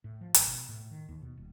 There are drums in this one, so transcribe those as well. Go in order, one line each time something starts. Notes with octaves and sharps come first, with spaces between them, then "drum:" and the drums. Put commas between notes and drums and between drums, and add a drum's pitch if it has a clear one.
A2
F3
G#1, drum: hi-hat
B2
A2
D#3
D#2
B2
D#1